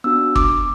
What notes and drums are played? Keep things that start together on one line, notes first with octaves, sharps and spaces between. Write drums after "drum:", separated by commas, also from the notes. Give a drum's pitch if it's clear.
B3 D4 F#4 E6
D6, drum: kick